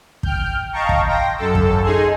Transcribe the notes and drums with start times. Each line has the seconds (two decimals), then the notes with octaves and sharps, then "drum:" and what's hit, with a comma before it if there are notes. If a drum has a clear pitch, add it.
0.23 G5 F6 G6, drum: kick
0.73 D#5 F5 G5 A5 A#5 C#6
0.89 drum: kick
1.08 G5 C6 A#6 D7
1.37 F#2 A4 E6
1.55 drum: kick
1.83 D#4 G#4 C6 G#6